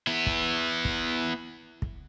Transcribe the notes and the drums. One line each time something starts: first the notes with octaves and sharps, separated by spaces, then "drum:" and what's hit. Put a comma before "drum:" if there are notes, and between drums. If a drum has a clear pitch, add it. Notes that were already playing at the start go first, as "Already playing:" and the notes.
B3 E4
drum: kick
drum: kick
drum: kick